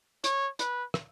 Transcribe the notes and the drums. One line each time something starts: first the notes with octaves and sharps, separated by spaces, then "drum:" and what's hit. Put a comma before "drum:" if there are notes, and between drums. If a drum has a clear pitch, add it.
C#5, drum: hi-hat
B4, drum: hi-hat
drum: rim click